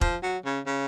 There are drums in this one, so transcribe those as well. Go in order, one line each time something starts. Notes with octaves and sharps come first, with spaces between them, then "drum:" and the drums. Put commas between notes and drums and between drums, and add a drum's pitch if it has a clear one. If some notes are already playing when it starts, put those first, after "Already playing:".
F3, drum: kick E1
F#3
C#3
C#3